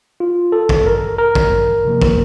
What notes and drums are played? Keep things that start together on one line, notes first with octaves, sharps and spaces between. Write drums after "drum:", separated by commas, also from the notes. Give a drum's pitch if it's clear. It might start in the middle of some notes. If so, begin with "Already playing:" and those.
F4
A4
drum: kick
A#4
A#4
drum: kick
C3 F3 A#3
drum: kick